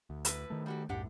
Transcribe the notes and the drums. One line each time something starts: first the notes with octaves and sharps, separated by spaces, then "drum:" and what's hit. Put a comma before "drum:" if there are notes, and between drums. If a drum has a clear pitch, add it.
D2
A2 B4, drum: hi-hat
D#3 A3
G3 F#4 G4
C2 F#2 A2 D4 G4 F#5